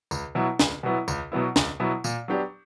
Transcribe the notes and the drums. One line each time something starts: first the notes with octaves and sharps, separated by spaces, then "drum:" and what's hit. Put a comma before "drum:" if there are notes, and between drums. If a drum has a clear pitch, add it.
C#2, drum: tambourine
B2 F#3 B3 E4
C#2, drum: snare
B2 F#3 B3 E4
C#2, drum: tambourine
B2 F#3 B3 E4
C#2, drum: snare
B2 F#3 B3 E4
A#2, drum: tambourine
F#3 B3 D4 G4